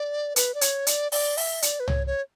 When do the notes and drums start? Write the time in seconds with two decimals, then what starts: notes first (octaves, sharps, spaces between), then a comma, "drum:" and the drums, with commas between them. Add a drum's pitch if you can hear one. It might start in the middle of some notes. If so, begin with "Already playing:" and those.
Already playing: D5
0.36 B4, drum: hi-hat
0.54 D5
0.61 C#5, drum: hi-hat
0.87 D5, drum: hi-hat
1.12 D5, drum: open hi-hat
1.37 E5, drum: open hi-hat
1.62 D5, drum: hi-hat
1.80 B4
1.88 C#5, drum: tom
2.07 C#5